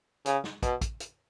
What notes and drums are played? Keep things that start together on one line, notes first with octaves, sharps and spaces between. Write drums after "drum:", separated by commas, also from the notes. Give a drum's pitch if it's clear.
C#3, drum: hi-hat
drum: snare
B2, drum: kick, hi-hat
drum: kick, hi-hat
drum: hi-hat